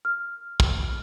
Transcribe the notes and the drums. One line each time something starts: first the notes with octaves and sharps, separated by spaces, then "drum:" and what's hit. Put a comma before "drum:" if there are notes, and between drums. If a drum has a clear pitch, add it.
F6
drum: kick